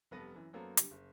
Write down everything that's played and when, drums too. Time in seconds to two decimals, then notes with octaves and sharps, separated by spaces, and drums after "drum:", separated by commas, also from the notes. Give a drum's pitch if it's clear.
0.11 F1 G2 B3 A4 B4 A#6
0.35 F#2 E3
0.53 F#2 F#3 A#3 B3 A4 C5
0.77 D3 G3, drum: hi-hat
0.91 F#1